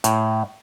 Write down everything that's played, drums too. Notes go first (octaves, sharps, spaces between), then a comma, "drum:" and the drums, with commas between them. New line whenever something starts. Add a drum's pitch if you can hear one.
A2, drum: hi-hat